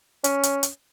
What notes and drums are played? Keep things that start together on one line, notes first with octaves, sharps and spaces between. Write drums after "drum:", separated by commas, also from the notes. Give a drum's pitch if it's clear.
C#4, drum: hi-hat
drum: hi-hat
drum: hi-hat